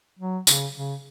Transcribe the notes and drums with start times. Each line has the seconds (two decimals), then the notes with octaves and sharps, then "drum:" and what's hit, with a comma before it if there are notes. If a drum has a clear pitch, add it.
0.19 F#3
0.47 C#3, drum: tambourine
0.75 C#3